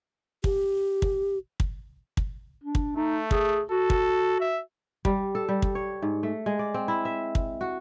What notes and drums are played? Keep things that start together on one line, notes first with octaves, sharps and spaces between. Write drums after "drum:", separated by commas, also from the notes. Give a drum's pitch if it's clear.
G4, drum: kick
drum: kick
drum: kick
drum: kick
D4
drum: kick
A3 D#4
G#4, drum: kick
F#4 A4
drum: kick
E5
G3, drum: kick
A4
G3
drum: kick
C#5
G#2
A3
G#3
D5
C4
E4
E5
drum: kick
F#4